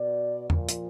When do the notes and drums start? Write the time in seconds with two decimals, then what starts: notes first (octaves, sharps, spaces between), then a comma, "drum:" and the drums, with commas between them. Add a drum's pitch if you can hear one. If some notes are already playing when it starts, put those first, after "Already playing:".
Already playing: B2 D5
0.50 A#2 F3, drum: tom E2
0.69 drum: hi-hat